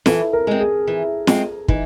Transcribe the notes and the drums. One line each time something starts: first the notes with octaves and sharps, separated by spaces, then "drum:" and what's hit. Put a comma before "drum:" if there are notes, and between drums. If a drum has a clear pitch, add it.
E3 A4, drum: snare
A#4
G#3 C4
G#4
E3
G#3 C4, drum: snare
E3 D#4, drum: kick